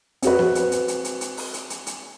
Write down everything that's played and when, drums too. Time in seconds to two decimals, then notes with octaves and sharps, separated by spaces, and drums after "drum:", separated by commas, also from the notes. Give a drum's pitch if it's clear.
0.22 C4 F#4 B4, drum: hi-hat
0.39 drum: snare
0.55 drum: hi-hat
0.72 drum: hi-hat
0.88 drum: hi-hat
1.04 drum: hi-hat
1.21 drum: hi-hat
1.37 drum: open hi-hat
1.54 drum: hi-hat
1.70 drum: hi-hat
1.87 drum: hi-hat